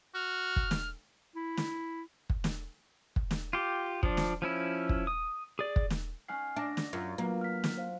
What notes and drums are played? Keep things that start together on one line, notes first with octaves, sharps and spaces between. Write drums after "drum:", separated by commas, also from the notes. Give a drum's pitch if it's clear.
F#4 F6
drum: kick
drum: snare
E4
drum: snare
drum: kick
drum: snare
drum: kick
drum: snare
F4 G4
F3 D4, drum: kick
drum: snare
F3 C#4 E4
drum: kick
D#6
G#4 D5
drum: kick
drum: snare
C#4 D#4 F#5 G#5 F6 C7
D4 E5 A#6
drum: snare
F#2 F4
F#3 A#3 B4 F5
F6 B6
drum: snare
C5 F5